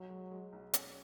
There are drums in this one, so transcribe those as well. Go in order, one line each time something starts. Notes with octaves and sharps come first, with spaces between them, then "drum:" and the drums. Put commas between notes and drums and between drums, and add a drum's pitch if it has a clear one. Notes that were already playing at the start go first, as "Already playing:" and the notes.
Already playing: B1 F#3
G#3
G#3
B1
C#4, drum: hi-hat